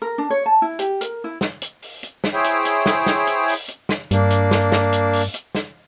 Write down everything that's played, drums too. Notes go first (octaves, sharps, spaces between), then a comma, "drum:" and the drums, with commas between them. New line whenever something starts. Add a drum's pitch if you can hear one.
A#4
D4
C#5
A5
E4
G4, drum: hi-hat
A#4, drum: hi-hat
E4
drum: snare
drum: hi-hat
drum: open hi-hat
drum: hi-hat
drum: snare
E4 G#4 C5 C#5 E5 G5
drum: hi-hat
drum: hi-hat
drum: snare
drum: snare
drum: hi-hat
drum: open hi-hat
drum: hi-hat
drum: snare
G2 A#3 D4, drum: hi-hat
drum: hi-hat
drum: snare
drum: snare
drum: hi-hat
drum: open hi-hat
drum: hi-hat
drum: snare